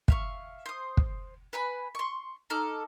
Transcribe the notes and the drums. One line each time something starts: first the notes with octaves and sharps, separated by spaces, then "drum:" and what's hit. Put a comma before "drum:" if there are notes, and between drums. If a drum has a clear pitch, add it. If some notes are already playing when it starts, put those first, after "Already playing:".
E5 F5 C#6, drum: kick
C5 D#6
drum: kick
B4 G#5 B5
C6 C#6
D#4 A4 D6 F6